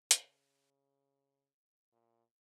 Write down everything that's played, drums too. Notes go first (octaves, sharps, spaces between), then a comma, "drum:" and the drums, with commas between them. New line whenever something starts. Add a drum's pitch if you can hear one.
C#3, drum: hi-hat
A#2